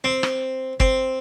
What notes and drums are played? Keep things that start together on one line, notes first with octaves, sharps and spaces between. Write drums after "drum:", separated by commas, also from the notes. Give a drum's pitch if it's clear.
C4
drum: rim click
C4, drum: kick